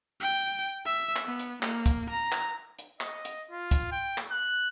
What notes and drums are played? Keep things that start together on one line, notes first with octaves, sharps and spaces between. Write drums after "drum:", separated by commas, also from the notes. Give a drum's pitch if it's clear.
G5
E5
drum: clap
B3
drum: hi-hat
A#3, drum: clap
drum: kick, hi-hat
A#5
drum: clap
drum: hi-hat
D#5, drum: clap
drum: hi-hat
F4
drum: kick, hi-hat
G5
drum: clap
F#6